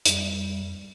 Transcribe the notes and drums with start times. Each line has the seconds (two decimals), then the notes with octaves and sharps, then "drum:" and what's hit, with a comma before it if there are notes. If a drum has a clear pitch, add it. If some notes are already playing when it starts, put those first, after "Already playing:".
0.05 F2 G3, drum: hi-hat